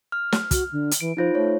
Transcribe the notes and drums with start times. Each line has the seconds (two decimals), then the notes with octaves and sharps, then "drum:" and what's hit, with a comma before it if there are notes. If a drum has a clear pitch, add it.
0.12 F6
0.32 drum: snare
0.51 F#4, drum: kick, hi-hat
0.72 D3
0.91 drum: hi-hat
1.01 E3 D7
1.17 F3 D#4 F4 C5
1.35 A3 C#5